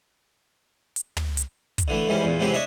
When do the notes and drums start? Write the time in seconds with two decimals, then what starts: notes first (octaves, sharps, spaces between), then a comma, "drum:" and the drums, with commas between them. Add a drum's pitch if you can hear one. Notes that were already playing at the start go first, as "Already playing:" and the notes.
0.96 drum: hi-hat
1.17 drum: tom
1.37 drum: hi-hat
1.78 drum: kick, hi-hat
1.88 D3 E3 A3
2.08 G#2 E3 G3 C#4
2.24 E2 A#2
2.40 G#2 C3 E3 F#3 C4 G4
2.53 D4 C#5 D#5 E5